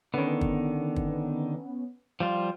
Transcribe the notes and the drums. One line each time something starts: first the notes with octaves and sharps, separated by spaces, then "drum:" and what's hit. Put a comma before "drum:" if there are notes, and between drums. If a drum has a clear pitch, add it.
D3 D#3 B3 C#4
drum: kick
drum: kick
F3 G3 F4